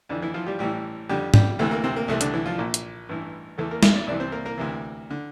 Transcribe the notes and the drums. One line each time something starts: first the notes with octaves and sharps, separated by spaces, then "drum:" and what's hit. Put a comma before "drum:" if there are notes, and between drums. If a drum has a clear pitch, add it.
F2 D3 E3 D4
E3 E4
F3 F4
G3 G4
A1 A2 E3 G3 G4
F2 D3 G3 G4
G3 G4, drum: tom G#2
D2 C3 E3 A3
A#3
C3 C4
A#3
C2 C3 E3 A3
D3 D4, drum: hi-hat
E3 E4
F3 F4
A#1 A#2
drum: hi-hat
A1 G2 E3
E2 E3 A3 A4
A#3 A#4
A#3 A#4, drum: snare
D4 D5
C2 C3 E3 D4 D5
C4 C5
A#3 A#4
A#3 A#4
D2 C3 E3
D3